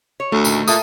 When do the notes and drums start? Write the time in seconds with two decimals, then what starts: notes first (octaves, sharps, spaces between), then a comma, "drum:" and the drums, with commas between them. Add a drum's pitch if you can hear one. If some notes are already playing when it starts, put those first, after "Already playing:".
0.20 C#5
0.32 D2 A3
0.45 A#2 D#3, drum: tambourine
0.68 A#2 A#3 A4 E5 D#6, drum: tambourine